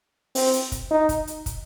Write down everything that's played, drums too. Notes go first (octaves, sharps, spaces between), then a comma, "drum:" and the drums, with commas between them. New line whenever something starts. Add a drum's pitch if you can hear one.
C4, drum: open hi-hat
drum: hi-hat
drum: kick, hi-hat
D#4
drum: kick, hi-hat
drum: hi-hat
drum: kick, hi-hat